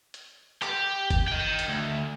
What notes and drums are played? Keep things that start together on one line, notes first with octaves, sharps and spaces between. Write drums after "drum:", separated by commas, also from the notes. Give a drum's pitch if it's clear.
drum: hi-hat
G4, drum: clap
drum: kick G1, hi-hat
D#5 G5
drum: hi-hat
D2